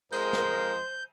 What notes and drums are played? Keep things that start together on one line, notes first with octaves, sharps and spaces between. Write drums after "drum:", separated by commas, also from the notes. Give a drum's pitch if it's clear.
F2 F3 G#3 A#4 C5 G6, drum: cymbal
drum: snare